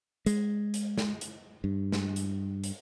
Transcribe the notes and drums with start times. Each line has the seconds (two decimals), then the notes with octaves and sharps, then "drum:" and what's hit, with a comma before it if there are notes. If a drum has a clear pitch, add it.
0.26 G#3, drum: hi-hat
0.74 drum: hi-hat
0.98 drum: snare
1.21 drum: hi-hat
1.64 G2
1.92 drum: snare
2.16 drum: hi-hat
2.64 drum: hi-hat